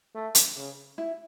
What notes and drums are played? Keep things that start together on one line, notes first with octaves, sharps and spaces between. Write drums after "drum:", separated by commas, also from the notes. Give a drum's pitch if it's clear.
A3
drum: hi-hat
C#3
E4